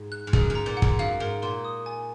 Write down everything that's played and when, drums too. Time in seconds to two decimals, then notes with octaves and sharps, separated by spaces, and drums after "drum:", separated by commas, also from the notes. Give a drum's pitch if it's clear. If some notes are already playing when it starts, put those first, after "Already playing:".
Already playing: G#2
0.12 F#6
0.27 G#2
0.33 F#2 G#4, drum: kick
0.50 G#2
0.55 A#5
0.66 A#2
0.77 F#5
0.82 G#2, drum: kick
0.99 F#2 F5
1.20 G#2 A#4
1.42 A#2 C6
1.65 D#6
1.86 G#5